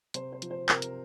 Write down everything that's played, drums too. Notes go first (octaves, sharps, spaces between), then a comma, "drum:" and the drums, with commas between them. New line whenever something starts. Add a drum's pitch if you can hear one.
C3 C5, drum: hi-hat
C5
F3, drum: hi-hat
C5
C3 A#4, drum: clap
drum: hi-hat